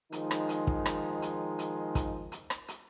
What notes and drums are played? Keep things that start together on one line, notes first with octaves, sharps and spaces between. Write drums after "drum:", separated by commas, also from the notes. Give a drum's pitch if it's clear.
D#3 F3 G#3 D#4, drum: hi-hat
drum: rim click
drum: hi-hat
drum: kick
drum: rim click
drum: hi-hat
drum: hi-hat
drum: kick, hi-hat
drum: hi-hat
drum: rim click
drum: hi-hat